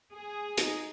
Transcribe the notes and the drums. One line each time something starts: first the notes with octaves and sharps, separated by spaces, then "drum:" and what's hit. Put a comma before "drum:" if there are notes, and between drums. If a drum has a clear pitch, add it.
G#4
D#4, drum: hi-hat